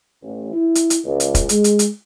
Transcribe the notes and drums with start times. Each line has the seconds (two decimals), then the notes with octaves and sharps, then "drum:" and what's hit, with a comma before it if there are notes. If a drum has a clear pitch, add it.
0.22 A1
0.54 E4
0.75 drum: hi-hat
0.90 drum: hi-hat
1.05 C#2
1.20 drum: hi-hat
1.35 drum: kick E1, hi-hat
1.49 G#3, drum: hi-hat
1.64 drum: hi-hat
1.79 drum: hi-hat